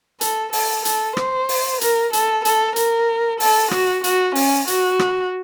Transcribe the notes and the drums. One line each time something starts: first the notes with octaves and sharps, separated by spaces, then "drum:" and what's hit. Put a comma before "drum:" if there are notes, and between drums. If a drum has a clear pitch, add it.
A4, drum: hi-hat
A4, drum: open hi-hat
A4, drum: hi-hat
C5, drum: rim click
drum: open hi-hat
A#4, drum: hi-hat
A4, drum: hi-hat
A4, drum: hi-hat
A#4, drum: hi-hat
A4, drum: open hi-hat
F#4, drum: rim click
F#4, drum: hi-hat
C#4, drum: open hi-hat
F#4, drum: hi-hat
drum: rim click